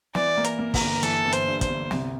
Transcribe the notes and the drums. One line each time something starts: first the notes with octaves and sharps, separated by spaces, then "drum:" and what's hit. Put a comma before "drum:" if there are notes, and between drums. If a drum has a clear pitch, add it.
E3 D5, drum: snare
A#3
A#4, drum: hi-hat
A#3
A#4, drum: kick, open hi-hat
G1
E3 A4, drum: hi-hat
G1
C5, drum: hi-hat
G2
C5, drum: kick, hi-hat
G1
C2, drum: snare